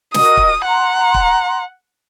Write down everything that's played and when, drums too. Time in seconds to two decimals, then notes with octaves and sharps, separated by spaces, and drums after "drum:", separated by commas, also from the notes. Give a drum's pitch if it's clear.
0.14 F#4 A#4 D#5 D#6, drum: snare
0.37 drum: kick
0.65 F#5 A#5 C6
1.14 drum: kick